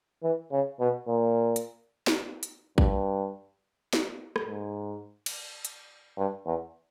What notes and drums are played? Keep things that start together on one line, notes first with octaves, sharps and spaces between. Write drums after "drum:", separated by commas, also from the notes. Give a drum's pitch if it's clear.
E3
C#3
B2
A#2
drum: hi-hat
drum: snare D#4
drum: hi-hat
G2, drum: kick
drum: snare D#4
drum: rim click
G#2
drum: cymbal
drum: hi-hat
G2
E2